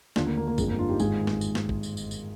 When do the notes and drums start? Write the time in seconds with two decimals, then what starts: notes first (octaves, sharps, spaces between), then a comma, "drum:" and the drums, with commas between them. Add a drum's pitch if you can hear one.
0.16 D#2 D3 D4 F4, drum: snare
0.26 A#3
0.37 A#3
0.48 A#3
0.58 G1 F2 D3 G#3, drum: kick, tambourine
0.68 A#3
0.78 D4 F4
0.89 D#4 G4
0.99 G#1 G#2 D#3 F4 G#4, drum: tambourine
1.27 drum: snare
1.41 drum: tambourine
1.55 drum: snare
1.69 drum: kick
1.83 drum: tambourine
1.97 drum: tambourine
2.11 drum: tambourine